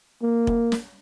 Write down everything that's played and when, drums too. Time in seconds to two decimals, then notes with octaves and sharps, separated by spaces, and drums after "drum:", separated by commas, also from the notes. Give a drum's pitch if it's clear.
0.23 A#3
0.47 drum: kick F1
0.72 drum: snare